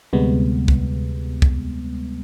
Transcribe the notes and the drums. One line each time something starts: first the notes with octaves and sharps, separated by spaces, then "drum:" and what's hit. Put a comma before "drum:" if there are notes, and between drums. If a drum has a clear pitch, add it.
D2 C3 G3 G#3 B3
drum: kick C2
drum: kick C2